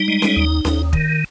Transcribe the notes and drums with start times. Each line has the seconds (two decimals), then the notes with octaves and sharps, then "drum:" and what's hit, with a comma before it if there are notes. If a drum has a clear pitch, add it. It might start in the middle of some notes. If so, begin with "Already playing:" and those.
Already playing: G3 D#4
0.08 G#3
0.22 drum: snare C#4
0.36 D#2
0.65 D#2, drum: snare C#4
0.93 D#3, drum: kick